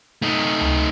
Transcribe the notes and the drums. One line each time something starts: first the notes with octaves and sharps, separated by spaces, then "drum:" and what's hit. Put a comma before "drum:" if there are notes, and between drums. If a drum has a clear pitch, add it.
A3 D#4
drum: tom C#2